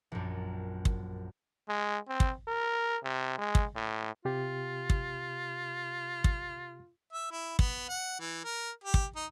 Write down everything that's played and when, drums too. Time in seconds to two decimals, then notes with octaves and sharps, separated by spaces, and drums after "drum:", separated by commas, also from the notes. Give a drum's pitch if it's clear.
0.12 A#1 F#2
0.85 drum: kick
1.68 G#3
2.08 C4
2.20 drum: kick
2.48 A#4
3.03 C3
3.38 G#3
3.55 drum: kick
3.75 A2
4.25 C3 F4 G4
4.90 drum: kick
6.24 drum: kick
7.13 E5
7.31 E4
7.59 B3, drum: kick
7.89 F#5
8.19 E3
8.44 A#4
8.84 G4
8.94 drum: kick
9.16 D#4